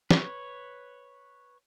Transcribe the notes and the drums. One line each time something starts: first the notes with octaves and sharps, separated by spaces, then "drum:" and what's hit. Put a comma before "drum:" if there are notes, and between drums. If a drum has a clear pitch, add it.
B4 C#5, drum: snare